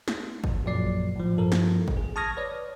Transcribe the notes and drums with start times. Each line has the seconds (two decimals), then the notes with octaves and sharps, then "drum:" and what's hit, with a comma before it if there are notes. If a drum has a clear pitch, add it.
0.08 drum: snare
0.44 drum: kick
0.65 A#1 F#2 A#2 F#3 D5 C7
1.16 A2 F3
1.37 G2 F3 A4 A#4
1.52 drum: snare
1.88 drum: kick
1.97 G#4
2.16 A5 C#6 D#6 F6 G#6 A#6
2.37 B4 C#5 D5